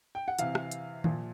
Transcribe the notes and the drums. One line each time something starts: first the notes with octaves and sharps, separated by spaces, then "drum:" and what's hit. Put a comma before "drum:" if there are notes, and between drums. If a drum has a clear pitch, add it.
G5
F#5
C3 E3 F5, drum: hi-hat
drum: rim click
drum: hi-hat
A#2 F3, drum: tom D#3